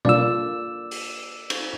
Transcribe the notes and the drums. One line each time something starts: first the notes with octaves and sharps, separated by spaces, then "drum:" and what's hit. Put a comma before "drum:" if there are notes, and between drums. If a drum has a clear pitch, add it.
A#3 D4 F4 D5 E6, drum: tom B2
drum: open hi-hat
drum: cymbal